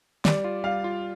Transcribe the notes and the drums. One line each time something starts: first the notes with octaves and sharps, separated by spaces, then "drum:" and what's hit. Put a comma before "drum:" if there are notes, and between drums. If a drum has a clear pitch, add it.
G3 D5, drum: snare
F4
G3 F5
F4